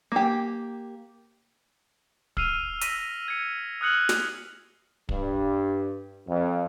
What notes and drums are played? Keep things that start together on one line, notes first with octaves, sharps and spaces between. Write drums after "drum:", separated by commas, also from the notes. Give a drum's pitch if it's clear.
A#3 G4
E6 F6 C7 D#7 F7, drum: kick
E6 F6 A#6 B6 D#7, drum: hi-hat
G#6 C#7
D#6 F6 F#6 G#6 C#7 F#7
drum: snare
G2, drum: kick
F2